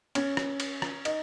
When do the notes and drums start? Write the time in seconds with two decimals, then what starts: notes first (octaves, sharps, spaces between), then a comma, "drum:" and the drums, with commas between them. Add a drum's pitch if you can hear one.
0.15 C#4, drum: cymbal
0.37 drum: rim click
0.60 drum: cymbal
0.82 drum: rim click
1.05 D#4, drum: cymbal